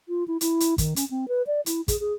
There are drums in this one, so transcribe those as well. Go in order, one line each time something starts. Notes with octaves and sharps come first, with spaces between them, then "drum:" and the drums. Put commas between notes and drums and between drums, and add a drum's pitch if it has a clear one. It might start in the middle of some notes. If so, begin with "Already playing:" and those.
F4
E4
E4, drum: hi-hat
drum: hi-hat
D#3, drum: kick, hi-hat
C#4, drum: hi-hat
C4
B4
D5
E4, drum: hi-hat
G#4, drum: kick, hi-hat
G#4